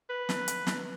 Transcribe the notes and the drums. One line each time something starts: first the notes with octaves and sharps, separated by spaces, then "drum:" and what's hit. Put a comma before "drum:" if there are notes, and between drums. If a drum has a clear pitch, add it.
B4
drum: snare
drum: hi-hat
drum: snare